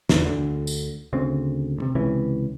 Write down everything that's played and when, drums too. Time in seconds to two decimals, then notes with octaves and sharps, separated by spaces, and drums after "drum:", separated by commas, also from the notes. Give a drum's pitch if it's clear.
0.09 G1 E2, drum: snare
0.25 D2 D3
0.67 drum: tambourine
1.13 D2 C#3 C4
1.78 A1 C3
1.95 C#2 C3 E3 C#4